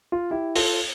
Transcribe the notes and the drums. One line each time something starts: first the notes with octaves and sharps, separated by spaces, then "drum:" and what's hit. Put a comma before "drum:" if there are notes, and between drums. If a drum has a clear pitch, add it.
F4
E4 G4
F4 A4, drum: open hi-hat